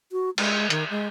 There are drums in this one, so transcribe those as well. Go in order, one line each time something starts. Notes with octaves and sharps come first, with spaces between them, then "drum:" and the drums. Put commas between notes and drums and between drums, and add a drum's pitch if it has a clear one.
F#4
G#3, drum: cymbal
D#3, drum: hi-hat
G#3